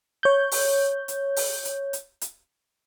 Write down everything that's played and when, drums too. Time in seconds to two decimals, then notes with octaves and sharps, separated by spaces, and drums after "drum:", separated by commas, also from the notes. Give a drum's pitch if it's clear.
0.23 C#5 G6
0.52 drum: open hi-hat
1.08 drum: hi-hat
1.36 drum: open hi-hat
1.65 drum: hi-hat
1.93 drum: hi-hat
2.21 drum: hi-hat